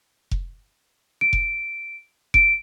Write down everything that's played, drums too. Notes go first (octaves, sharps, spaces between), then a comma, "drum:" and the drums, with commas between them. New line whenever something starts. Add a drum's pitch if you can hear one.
drum: kick F1
D7
drum: kick F1
D7, drum: kick F1